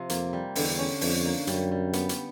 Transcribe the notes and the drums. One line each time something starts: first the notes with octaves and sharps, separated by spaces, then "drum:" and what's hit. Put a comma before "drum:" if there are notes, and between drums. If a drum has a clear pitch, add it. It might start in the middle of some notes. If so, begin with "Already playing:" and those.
Already playing: C3 F3
F2 A#3, drum: hi-hat
G3
E2 D3, drum: open hi-hat
C#4
F2 D4, drum: open hi-hat
A#3
F#2 G3, drum: hi-hat
G3
B3, drum: hi-hat
drum: hi-hat